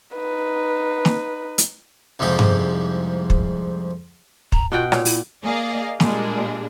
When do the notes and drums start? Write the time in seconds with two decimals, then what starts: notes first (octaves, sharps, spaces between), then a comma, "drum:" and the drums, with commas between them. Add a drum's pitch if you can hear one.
0.15 D#4 B4
1.05 drum: snare
1.58 drum: hi-hat
2.19 C2 F2 G#2 F3 G4
2.39 drum: tom G2
3.30 drum: kick
4.52 A#5, drum: kick
4.72 B2 F4 F#4 G5
4.92 A#2 C#5, drum: rim click
5.05 E4, drum: open hi-hat
5.43 A#3 G#4 D5 D#5 F5
6.00 A#2 G3 G#3 A#3 D4 G#4, drum: snare